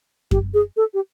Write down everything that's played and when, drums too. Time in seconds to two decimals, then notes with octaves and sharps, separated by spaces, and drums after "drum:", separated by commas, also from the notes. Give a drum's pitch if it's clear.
0.31 G4, drum: kick F#2
0.54 G#4
0.77 A4
0.94 G4